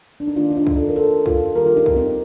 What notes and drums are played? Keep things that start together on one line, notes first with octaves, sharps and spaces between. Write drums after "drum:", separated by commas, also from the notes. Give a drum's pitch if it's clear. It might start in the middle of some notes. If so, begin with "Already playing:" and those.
D4
D#4
D#3 A#3 D4 F4
D#4
D4 F4
drum: kick
F4 A4
A#4
A4 C5
F4 A4, drum: kick
D#3 G3 A#3 G4 A#4
F4
D#4 G4
drum: kick
C4 D#4